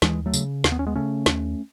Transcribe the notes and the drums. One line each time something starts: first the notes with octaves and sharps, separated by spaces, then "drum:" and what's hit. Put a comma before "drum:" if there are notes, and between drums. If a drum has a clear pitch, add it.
D#2 E3 G#3, drum: snare
F#3 A3
C#3, drum: tambourine
D#2, drum: snare
B3
C#4
G#3 B3
C#3 A3 C#4
D#2, drum: snare